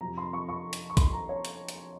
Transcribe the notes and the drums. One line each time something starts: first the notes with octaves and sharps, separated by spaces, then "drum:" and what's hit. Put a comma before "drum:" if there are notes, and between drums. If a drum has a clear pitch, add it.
F2 C3 F3 A#5
C6
C#6
C#6
drum: hi-hat
C#6
C6, drum: kick A#1, hi-hat
A#5
C#5
drum: hi-hat
drum: hi-hat